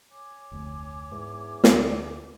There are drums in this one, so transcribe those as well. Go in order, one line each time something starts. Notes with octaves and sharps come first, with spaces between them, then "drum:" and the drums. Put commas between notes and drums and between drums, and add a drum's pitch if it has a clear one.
C#5 G#5 D6
F1 D2
E2 G#2
D2, drum: snare